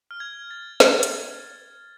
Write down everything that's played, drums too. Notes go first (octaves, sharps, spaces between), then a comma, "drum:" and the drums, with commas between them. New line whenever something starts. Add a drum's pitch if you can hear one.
F6
G#6
A6
drum: snare
drum: hi-hat